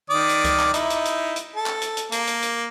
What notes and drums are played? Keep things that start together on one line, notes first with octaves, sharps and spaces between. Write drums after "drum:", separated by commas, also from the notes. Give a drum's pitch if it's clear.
D#3 D5 D#6
drum: hi-hat
drum: kick C#2, hi-hat
drum: clap
D#4 E4, drum: hi-hat
drum: hi-hat
drum: hi-hat
drum: hi-hat
A4
drum: clap
drum: hi-hat
drum: hi-hat
A#3, drum: hi-hat
drum: hi-hat
drum: hi-hat